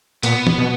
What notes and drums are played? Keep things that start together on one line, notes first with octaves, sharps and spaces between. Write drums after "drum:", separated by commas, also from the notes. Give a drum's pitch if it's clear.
A#2 B3, drum: hi-hat
drum: tom
B2